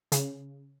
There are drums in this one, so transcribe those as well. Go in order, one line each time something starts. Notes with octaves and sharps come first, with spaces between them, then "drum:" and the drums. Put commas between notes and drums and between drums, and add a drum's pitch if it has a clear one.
C#3, drum: hi-hat